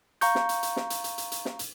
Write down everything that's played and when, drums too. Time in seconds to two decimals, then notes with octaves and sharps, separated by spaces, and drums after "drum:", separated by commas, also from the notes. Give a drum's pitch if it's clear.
0.21 F5 A#5 C#6 G6, drum: hi-hat
0.35 drum: snare
0.49 drum: hi-hat
0.63 drum: hi-hat
0.76 drum: snare
0.90 drum: hi-hat
1.04 drum: hi-hat
1.18 drum: hi-hat
1.32 drum: hi-hat
1.45 drum: snare
1.59 drum: hi-hat